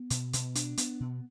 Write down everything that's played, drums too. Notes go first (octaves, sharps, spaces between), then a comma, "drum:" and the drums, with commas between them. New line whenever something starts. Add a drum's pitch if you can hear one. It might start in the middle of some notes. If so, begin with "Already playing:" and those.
Already playing: B3
B2, drum: hi-hat
B2, drum: hi-hat
D4, drum: hi-hat
B3, drum: hi-hat
B2